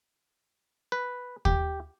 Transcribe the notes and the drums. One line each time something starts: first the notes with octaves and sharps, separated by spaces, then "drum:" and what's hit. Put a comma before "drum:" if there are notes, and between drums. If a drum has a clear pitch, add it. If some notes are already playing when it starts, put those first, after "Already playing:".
B4
G4, drum: kick D#2